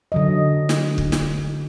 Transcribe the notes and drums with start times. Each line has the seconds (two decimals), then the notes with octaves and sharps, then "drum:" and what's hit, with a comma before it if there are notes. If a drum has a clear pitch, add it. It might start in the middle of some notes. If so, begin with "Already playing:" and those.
0.12 D3 F#3 D#5
0.69 drum: snare
0.98 drum: kick
1.12 drum: snare